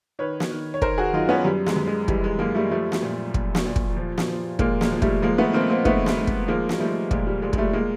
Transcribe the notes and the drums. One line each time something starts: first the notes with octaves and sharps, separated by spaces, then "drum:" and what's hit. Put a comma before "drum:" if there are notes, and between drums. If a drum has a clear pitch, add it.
D#3 B4 C#5
drum: snare
D#3
C#5
D#3 A#4 C5, drum: kick
F#4 G#4
F#2 D#4 F4
B3 C#4
F#2 G3
G#3, drum: snare
F#2
G#3
E3 G3, drum: kick
G#3
F#2 G#3 A#3
G3 A3
F3 G3 A3
drum: snare
A#2
A#2, drum: kick
drum: snare
A#2
drum: kick
F3
drum: snare
F3
A#2 G#3 A#3, drum: kick
G#3 A#3, drum: snare
F3
G3 A3, drum: kick
F3 G#3 A#3
A3 B3
F3 A#3 C4
A#3 C4
G#2 A3 B3, drum: kick
drum: snare
G#2
drum: kick
F3 G#3 A#3
drum: snare
F3 G3 A3
A#2 G#3, drum: kick
G3
A#2 G#3
G#3, drum: kick
G3 A3
G#3 A#3